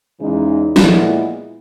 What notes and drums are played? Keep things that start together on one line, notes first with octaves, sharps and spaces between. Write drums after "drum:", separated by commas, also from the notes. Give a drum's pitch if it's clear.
E2 C#3 E3 G#3 D#4
A#2 G#3 B3 E4, drum: snare